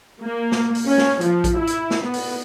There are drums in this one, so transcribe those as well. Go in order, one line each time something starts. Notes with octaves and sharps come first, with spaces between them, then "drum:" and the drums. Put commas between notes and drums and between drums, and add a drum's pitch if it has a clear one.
A#3
drum: snare
drum: open hi-hat
C#4
drum: snare
F3, drum: hi-hat
drum: kick A#1, hi-hat
E4
drum: hi-hat
drum: snare
B3
drum: open hi-hat